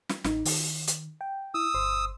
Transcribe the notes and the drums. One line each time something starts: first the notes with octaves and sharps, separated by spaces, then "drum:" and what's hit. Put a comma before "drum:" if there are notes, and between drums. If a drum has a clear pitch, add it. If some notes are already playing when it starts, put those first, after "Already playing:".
drum: snare
A1 D#4, drum: snare
D#3, drum: open hi-hat
drum: hi-hat
G5
E4 D#6 E6
G1 C5 C6